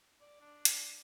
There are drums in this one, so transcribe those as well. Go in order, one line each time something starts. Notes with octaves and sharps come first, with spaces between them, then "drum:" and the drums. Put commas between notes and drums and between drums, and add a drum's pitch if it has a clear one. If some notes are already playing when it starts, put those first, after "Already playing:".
D5
D4
drum: hi-hat